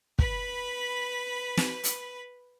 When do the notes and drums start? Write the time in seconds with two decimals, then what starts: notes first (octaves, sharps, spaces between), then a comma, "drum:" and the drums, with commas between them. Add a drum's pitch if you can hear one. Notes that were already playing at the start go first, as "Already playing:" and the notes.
0.19 B4 B5, drum: kick
1.58 drum: snare
1.84 drum: hi-hat